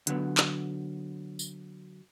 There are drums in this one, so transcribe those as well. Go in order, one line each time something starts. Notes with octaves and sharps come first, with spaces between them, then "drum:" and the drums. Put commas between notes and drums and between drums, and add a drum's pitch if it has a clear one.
D3 F#3 B3, drum: hi-hat
drum: clap
drum: tambourine